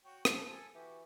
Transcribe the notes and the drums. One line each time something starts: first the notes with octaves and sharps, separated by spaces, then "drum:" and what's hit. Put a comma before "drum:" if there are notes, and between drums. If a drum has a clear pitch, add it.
F#4 C#5 G5
F3 G#5 A5, drum: rim click
A4 G#5
E3 F#4 G4